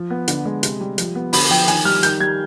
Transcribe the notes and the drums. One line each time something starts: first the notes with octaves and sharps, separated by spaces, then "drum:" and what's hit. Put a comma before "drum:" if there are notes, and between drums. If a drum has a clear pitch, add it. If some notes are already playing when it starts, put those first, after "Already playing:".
Already playing: F3
B3
D3, drum: hi-hat
G#3
C3, drum: hi-hat
G3
F3, drum: hi-hat
B3
D3 B5, drum: open hi-hat
F3 G5
D#3 G#5, drum: hi-hat
G3 F6
D#3 G6, drum: hi-hat
G3 G#6